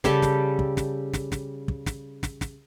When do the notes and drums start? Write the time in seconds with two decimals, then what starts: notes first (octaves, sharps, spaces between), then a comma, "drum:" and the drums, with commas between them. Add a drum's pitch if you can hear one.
0.04 C#3 G3 G4 A4, drum: snare
0.22 drum: snare
0.59 drum: kick
0.77 drum: snare
1.13 drum: snare
1.32 drum: snare
1.68 drum: kick
1.86 drum: snare
2.23 drum: snare
2.41 drum: snare